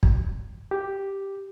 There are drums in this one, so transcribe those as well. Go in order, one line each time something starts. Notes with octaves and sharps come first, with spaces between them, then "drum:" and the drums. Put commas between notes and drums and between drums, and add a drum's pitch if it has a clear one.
drum: kick
G4